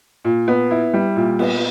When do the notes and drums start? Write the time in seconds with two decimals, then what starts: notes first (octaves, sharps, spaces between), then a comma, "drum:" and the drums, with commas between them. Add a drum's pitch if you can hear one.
0.25 A#2
0.48 B3
0.71 E4
0.94 G3
1.16 A#2
1.39 B3, drum: cymbal